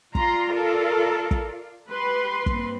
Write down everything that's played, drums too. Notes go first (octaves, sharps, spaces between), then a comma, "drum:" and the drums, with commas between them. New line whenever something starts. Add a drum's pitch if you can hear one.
F4 D5 F5 A#5 C6, drum: kick
A4 A#4
drum: kick
G4 B4 C6
G2 A#3 C4, drum: kick